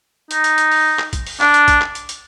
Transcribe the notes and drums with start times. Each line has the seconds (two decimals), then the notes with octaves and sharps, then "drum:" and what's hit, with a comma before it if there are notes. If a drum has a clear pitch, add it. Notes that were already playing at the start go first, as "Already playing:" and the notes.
0.31 D#4, drum: hi-hat
0.44 drum: hi-hat
0.58 drum: hi-hat
0.72 drum: open hi-hat
0.99 drum: clap
1.13 drum: kick, hi-hat
1.27 drum: open hi-hat
1.41 D4, drum: clap
1.54 drum: hi-hat
1.68 drum: kick, hi-hat
1.81 drum: clap
1.95 drum: hi-hat
2.09 drum: hi-hat